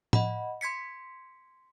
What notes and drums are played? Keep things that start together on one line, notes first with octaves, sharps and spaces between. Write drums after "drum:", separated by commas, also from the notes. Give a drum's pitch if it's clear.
D#5 F#5 B5, drum: tom A2
C6 G#6 B6 C#7